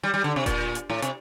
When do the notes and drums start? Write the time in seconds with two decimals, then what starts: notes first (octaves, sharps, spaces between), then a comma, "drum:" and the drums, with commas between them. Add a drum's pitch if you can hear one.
0.03 G3
0.14 G3
0.24 D3
0.36 C3
0.46 A#2, drum: kick E1, hi-hat
0.75 drum: hi-hat
0.90 A2
1.02 C3, drum: hi-hat